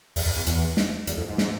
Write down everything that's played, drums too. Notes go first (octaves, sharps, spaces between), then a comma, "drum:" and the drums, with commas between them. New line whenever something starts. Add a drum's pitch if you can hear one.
E2, drum: open hi-hat
F2
E2
E2, drum: hi-hat
drum: snare
E2, drum: hi-hat
F2
G#2
drum: snare